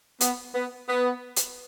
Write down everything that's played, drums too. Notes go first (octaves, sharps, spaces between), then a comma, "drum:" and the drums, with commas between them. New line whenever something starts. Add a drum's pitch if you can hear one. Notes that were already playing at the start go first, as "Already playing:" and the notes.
B3, drum: hi-hat
B3
B3
drum: hi-hat